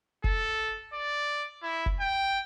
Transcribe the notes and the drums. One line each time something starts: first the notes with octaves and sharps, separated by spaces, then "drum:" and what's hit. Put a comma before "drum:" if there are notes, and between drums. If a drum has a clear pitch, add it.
A4, drum: kick F1
D5
E4
drum: kick F1
G5